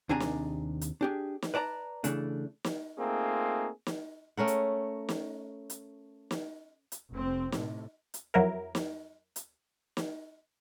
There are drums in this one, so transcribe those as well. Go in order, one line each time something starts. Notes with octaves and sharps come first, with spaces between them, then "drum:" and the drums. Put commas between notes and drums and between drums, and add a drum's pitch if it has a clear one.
D#2 C3 D4 G#4 G#5 A#5
drum: snare
drum: hi-hat
D4 G4 G#4
drum: snare
B4 D5 A5 A#5
C#3 E3 A3 D4, drum: hi-hat
drum: snare
A3 A#3 C4 D#4 F4 G#4
drum: snare
A3 C#4 A#4 F#5
drum: hi-hat
drum: snare
drum: hi-hat
drum: snare
drum: hi-hat
F1 C4
A2 C3, drum: snare
drum: hi-hat
F2 F#3 E4 A#4
drum: snare
drum: hi-hat
drum: snare